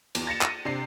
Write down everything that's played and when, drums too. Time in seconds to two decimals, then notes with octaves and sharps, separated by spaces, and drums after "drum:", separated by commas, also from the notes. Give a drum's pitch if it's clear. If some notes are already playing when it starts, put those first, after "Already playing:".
0.15 E2, drum: cymbal
0.27 A6 A#6 C#7 E7
0.41 D#7, drum: clap
0.65 C3 D4 C7